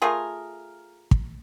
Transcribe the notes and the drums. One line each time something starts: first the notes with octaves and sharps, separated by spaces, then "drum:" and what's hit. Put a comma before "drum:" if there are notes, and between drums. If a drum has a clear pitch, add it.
A3 F4 G#4 A#4
drum: kick